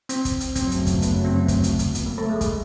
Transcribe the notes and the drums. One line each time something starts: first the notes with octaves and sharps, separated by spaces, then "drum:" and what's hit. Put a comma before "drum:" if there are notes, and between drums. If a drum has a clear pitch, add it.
C4, drum: hi-hat
drum: kick, hi-hat
drum: hi-hat
G1 F#2 C#3 F#3 A3 C4, drum: kick, hi-hat
drum: hi-hat
drum: kick, hi-hat
B3, drum: hi-hat
C4
C4, drum: kick, hi-hat
drum: hi-hat
drum: kick, hi-hat
B3, drum: hi-hat
A#3
A3
G#3
G3
G#3, drum: kick, hi-hat